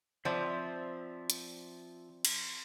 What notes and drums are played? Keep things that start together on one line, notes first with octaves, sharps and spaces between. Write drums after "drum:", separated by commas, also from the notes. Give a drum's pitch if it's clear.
F3 C4 C5 D5 E5
drum: hi-hat
drum: cymbal